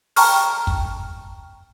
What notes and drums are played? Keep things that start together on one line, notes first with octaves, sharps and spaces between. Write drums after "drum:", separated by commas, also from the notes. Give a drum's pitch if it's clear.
G5 A5 A#5 C#6 F6, drum: open hi-hat
drum: kick